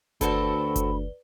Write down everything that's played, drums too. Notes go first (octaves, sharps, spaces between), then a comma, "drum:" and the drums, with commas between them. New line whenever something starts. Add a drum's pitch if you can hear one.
D2 C4 F#4 A4 B4 D5 B5 G7, drum: kick F#1, hi-hat
drum: kick F#1, hi-hat